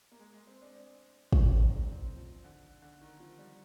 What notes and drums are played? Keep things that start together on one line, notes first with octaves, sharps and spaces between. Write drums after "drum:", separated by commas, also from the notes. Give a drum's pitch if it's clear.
A#3
G#3
G#3
C4
D4
D4
C4, drum: kick
D4
D#4
D4
C4
F3
D3
D3
D#3
F3
G3